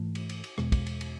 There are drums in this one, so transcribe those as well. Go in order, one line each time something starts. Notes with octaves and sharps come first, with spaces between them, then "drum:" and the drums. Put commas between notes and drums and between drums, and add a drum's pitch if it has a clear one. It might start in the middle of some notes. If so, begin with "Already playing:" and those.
Already playing: G#2 E3 A3
drum: cymbal
drum: cymbal
drum: cymbal
E2 B2 G#3, drum: rim click
drum: kick, cymbal
drum: cymbal
drum: cymbal